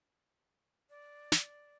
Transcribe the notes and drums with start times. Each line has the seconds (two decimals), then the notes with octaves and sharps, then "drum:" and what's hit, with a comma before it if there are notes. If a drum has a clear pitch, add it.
0.90 D5
1.32 drum: snare